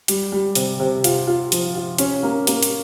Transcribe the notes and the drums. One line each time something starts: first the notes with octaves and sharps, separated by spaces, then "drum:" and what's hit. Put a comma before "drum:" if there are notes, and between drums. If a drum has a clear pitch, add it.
G3, drum: hi-hat
G3
C3, drum: hi-hat
C3
F4, drum: hi-hat
F4
F3, drum: hi-hat
F4
C#4, drum: hi-hat
A#3
A#3, drum: hi-hat
drum: hi-hat